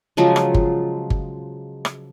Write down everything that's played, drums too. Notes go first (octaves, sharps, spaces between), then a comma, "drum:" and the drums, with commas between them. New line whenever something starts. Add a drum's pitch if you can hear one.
C#3 F3 F#3 G#3
drum: rim click
drum: kick G1
drum: kick G1
drum: rim click